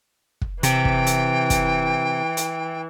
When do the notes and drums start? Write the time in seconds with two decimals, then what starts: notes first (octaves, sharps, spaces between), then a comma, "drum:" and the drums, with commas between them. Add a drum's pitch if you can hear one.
0.41 drum: kick
0.63 C3 E3 G5, drum: hi-hat
0.85 drum: kick
1.07 drum: hi-hat
1.50 drum: kick, hi-hat
2.37 drum: hi-hat